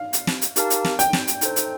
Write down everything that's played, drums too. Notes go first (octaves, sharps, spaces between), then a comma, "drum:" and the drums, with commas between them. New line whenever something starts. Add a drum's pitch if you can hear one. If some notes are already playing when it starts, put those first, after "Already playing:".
Already playing: F5
drum: hi-hat
drum: snare
drum: hi-hat
D#4 G4 A#4 F5 A5, drum: hi-hat
drum: hi-hat
drum: snare
G5, drum: hi-hat
drum: snare
drum: hi-hat
D#4 A4 C5, drum: hi-hat
drum: hi-hat